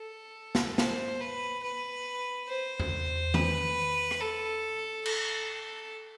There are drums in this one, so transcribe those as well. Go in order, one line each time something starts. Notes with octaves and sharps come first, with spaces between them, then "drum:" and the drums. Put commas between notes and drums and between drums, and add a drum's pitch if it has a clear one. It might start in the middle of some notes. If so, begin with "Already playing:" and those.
Already playing: A4
drum: snare
C5, drum: snare
B4
B4
C5
drum: tom E2
B4, drum: tom D#3
drum: rim click
A4
A4, drum: cymbal